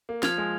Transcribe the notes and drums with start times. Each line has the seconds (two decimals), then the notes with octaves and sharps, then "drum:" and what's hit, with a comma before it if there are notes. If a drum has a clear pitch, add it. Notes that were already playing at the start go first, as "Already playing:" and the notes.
0.09 A#3
0.23 F3 F6 G#6 F7, drum: snare
0.38 G#3